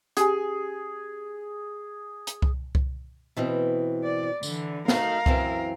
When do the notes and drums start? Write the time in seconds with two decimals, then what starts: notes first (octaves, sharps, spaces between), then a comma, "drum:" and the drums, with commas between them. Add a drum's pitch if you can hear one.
0.17 C#4 G4 G#4 G#5, drum: hi-hat
2.27 drum: hi-hat
2.42 drum: kick C2
2.75 drum: kick C2
3.37 B2 E3 C4
4.03 D5
4.43 D3 E3, drum: tambourine
4.88 A3 D#4 F#4 A#4 F5, drum: snare
5.26 F#2 E3 C4, drum: kick C2